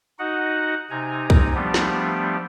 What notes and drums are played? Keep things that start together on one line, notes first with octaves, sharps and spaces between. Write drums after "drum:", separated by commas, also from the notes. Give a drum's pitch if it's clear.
D#4 F#4 D#5 F#5
C3 D#4 G#5 A#5
drum: kick
F3 G3 A3 B3 D4 G4
drum: snare